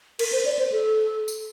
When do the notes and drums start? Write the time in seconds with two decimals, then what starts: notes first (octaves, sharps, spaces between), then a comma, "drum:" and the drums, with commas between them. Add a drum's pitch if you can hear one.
0.19 A#4, drum: cymbal
0.32 C5
0.45 D5
0.59 C5
0.72 A4
1.28 drum: tambourine